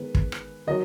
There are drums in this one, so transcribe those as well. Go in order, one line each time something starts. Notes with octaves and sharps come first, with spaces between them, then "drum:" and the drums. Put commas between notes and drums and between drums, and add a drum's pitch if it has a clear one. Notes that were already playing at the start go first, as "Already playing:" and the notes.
Already playing: D#3 G#3 B3 B4
drum: kick
drum: rim click
D#3 F#3 D#5